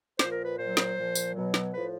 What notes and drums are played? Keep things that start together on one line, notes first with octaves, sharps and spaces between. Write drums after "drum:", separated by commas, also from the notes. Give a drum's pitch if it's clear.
A#2 F3 C5, drum: snare
A#4
B4
A#2 F#3 C5
drum: snare
A#2 F3
drum: tambourine
B2 F#3
drum: snare
A2 F3 B4